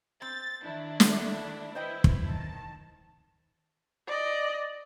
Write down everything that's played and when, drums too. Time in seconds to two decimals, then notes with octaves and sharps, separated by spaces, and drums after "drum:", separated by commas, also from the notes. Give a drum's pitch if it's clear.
0.22 C4 A6
0.63 D#3 D4 E4
1.00 A3 F#4 D5, drum: snare
1.75 E4 B4 C5 D#5 G5
2.04 drum: kick
2.25 D#3 A5
4.08 D5 D#5